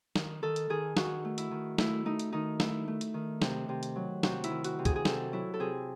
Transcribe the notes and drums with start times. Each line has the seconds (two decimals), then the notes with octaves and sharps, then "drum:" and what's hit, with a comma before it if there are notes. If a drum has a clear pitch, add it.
0.16 D#3, drum: snare
0.43 D#3 A4
0.56 drum: hi-hat
0.70 D#3 G#4
0.97 D#3 F#4, drum: snare
1.25 A3
1.38 E4, drum: hi-hat
1.51 D#3
1.78 A3 E4, drum: snare
2.05 A3 D#4
2.19 drum: hi-hat
2.32 D#3 D#4
2.60 A3 E4, drum: snare
2.88 A3
3.01 drum: hi-hat
3.14 D#3
3.42 C3, drum: snare
3.69 C3
3.83 drum: hi-hat
3.96 F#3
4.23 C3 F#4, drum: snare
4.44 E4, drum: hi-hat
4.50 D#3
4.64 F#4, drum: hi-hat
4.79 C3
4.85 G#4, drum: kick, hi-hat
4.96 G#4
5.05 C3 A4, drum: snare
5.32 F#3 E4
5.54 A4
5.59 C3 G#4